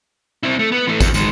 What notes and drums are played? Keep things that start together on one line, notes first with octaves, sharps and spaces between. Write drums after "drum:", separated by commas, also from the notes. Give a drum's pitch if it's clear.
C4 E4
A3
B3
E3 A3
E2, drum: kick, tambourine
D#3 G#3, drum: tambourine